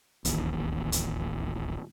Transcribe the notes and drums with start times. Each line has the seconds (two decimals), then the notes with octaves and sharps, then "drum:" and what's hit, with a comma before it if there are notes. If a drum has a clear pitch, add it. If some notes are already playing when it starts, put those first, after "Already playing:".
0.25 D1 A1 D#2, drum: hi-hat
0.92 drum: hi-hat